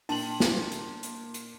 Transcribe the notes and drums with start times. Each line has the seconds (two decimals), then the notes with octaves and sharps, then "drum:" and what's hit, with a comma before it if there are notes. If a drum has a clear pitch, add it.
0.09 A#2 D4 A5 F#7, drum: open hi-hat
0.40 drum: snare
0.72 drum: hi-hat
1.03 drum: hi-hat
1.34 drum: hi-hat